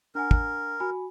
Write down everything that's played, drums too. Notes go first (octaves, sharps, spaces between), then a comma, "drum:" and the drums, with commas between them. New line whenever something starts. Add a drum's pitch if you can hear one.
D4 A#4 F#5 G#5
drum: kick
F#4 G#5 B5